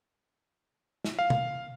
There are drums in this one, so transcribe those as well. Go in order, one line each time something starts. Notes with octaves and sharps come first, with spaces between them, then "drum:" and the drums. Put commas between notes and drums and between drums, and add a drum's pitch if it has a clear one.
drum: snare
F5
drum: tom